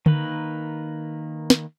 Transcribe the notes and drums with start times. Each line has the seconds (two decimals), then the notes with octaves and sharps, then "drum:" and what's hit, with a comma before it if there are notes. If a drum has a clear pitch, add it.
0.06 D#3 A#3 B4, drum: tom D3
1.50 drum: snare